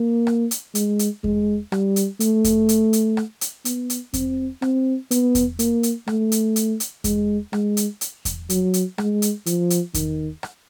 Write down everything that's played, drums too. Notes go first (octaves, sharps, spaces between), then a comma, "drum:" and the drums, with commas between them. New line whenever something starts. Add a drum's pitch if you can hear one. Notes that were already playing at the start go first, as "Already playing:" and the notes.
Already playing: A#3
drum: rim click
drum: hi-hat
G#3, drum: hi-hat
drum: hi-hat
G#3, drum: kick E2
G3, drum: rim click
drum: hi-hat
A3, drum: hi-hat
drum: kick E2, hi-hat
drum: hi-hat
drum: hi-hat
drum: rim click
drum: hi-hat
B3, drum: hi-hat
drum: hi-hat
C4, drum: kick E2, hi-hat
C4, drum: rim click
B3, drum: hi-hat
drum: kick E2, hi-hat
A#3, drum: hi-hat
drum: hi-hat
A3, drum: rim click
drum: hi-hat
drum: hi-hat
drum: hi-hat
G#3, drum: kick E2, hi-hat
G#3, drum: rim click
drum: hi-hat
drum: hi-hat
drum: kick E2, hi-hat
F#3, drum: hi-hat
drum: hi-hat
G#3, drum: rim click
drum: hi-hat
F3, drum: hi-hat
drum: hi-hat
D#3, drum: kick E2, hi-hat
drum: rim click